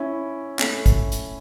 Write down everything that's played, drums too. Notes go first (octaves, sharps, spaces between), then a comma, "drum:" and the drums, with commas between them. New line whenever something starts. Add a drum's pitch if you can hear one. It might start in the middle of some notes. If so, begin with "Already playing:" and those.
Already playing: C#4 E4
A3 C#4, drum: clap
drum: kick, hi-hat
drum: hi-hat